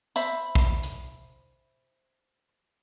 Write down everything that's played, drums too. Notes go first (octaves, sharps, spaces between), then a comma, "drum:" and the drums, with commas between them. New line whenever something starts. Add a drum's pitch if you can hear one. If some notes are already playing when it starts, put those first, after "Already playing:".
C5 E5 B5, drum: tambourine
drum: kick
drum: hi-hat